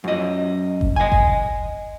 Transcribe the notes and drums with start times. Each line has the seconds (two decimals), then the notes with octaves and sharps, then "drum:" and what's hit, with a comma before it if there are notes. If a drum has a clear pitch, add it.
0.04 F#2 D#5
0.81 drum: kick G1
0.96 D#5 G#5
1.12 drum: kick G1